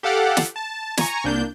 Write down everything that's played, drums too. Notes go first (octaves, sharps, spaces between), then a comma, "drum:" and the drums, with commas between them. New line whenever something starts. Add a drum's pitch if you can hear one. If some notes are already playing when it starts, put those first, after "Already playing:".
G4 A4 F5 F#5 D6
drum: snare
A5
G#5 A#5 C#6, drum: snare
C2 A#3 D4 G6